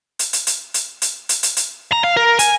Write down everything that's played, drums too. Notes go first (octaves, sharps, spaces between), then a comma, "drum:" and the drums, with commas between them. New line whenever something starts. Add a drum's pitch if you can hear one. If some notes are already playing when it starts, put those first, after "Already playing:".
drum: hi-hat
drum: hi-hat
drum: hi-hat
drum: hi-hat
drum: hi-hat
drum: hi-hat
drum: hi-hat
drum: hi-hat
A#5
F5
A#4
G#5, drum: hi-hat